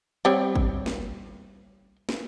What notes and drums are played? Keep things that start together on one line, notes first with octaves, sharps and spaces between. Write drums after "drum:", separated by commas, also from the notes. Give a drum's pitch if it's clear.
G3 C4 C#5
drum: kick
drum: snare
drum: snare